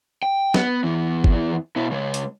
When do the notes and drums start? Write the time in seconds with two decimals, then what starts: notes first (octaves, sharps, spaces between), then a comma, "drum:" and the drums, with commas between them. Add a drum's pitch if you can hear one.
0.23 G5
0.54 B3, drum: snare
0.84 E2 E3
1.24 drum: kick
1.76 B2 E4
1.92 C#3 G#3
2.14 drum: hi-hat